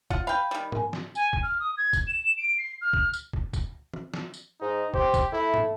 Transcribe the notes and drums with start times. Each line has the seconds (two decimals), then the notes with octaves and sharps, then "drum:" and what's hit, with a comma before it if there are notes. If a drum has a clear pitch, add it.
0.10 F4 F#5, drum: kick
0.27 B4 F5 G5
0.51 D#3 G3
0.72 A#4 G#5, drum: tom G#2
0.93 drum: snare
1.15 G#5, drum: tambourine
1.33 drum: kick
1.43 F6
1.59 D#6
1.77 G#6
1.93 drum: kick, tambourine
2.07 E7
2.37 D7
2.58 C7
2.81 F6
2.93 drum: kick
3.13 drum: tambourine
3.33 drum: kick
3.53 drum: kick, tambourine
3.94 drum: tom E3
4.14 drum: snare
4.34 drum: tambourine
4.61 G#2 D#4
4.94 G4 C5, drum: kick
5.14 drum: kick, tambourine
5.32 A3 E4
5.54 drum: tom G#2